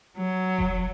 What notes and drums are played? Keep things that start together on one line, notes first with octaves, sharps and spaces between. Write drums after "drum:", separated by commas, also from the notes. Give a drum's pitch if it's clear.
F#3
drum: kick F1